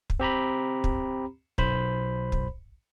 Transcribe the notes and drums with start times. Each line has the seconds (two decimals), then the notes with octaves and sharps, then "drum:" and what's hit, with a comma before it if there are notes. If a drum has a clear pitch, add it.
0.10 drum: kick
0.20 C4 G4 A#5 B5
0.84 drum: kick
1.58 B1 C5 B5, drum: kick
2.32 drum: kick